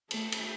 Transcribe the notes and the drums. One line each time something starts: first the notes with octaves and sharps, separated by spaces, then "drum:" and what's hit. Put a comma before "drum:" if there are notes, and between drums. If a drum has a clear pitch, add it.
A3, drum: cymbal
drum: cymbal